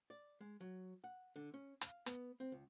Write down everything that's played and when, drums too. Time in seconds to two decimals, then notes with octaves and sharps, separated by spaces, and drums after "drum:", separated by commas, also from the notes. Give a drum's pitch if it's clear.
0.10 D5
0.41 G#3
0.61 F#3
1.04 F#5
1.36 D3
1.54 C#4
1.81 F5, drum: hi-hat
2.06 B3, drum: hi-hat
2.40 C4
2.52 C#2